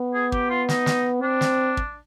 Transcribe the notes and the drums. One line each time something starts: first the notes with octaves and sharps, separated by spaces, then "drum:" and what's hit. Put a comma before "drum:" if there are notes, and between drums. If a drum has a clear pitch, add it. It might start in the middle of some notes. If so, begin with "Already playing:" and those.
Already playing: B3
G#4
G4, drum: kick
F4
D#4, drum: snare
drum: snare
C4 D4
drum: snare
drum: kick